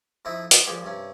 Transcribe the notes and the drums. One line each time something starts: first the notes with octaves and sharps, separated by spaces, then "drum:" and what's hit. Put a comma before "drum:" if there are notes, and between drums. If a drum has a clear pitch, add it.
F2 F3 A3 D#4 E4
B3, drum: hi-hat
A#2 F3 G#3 G4
G2 C3 C#4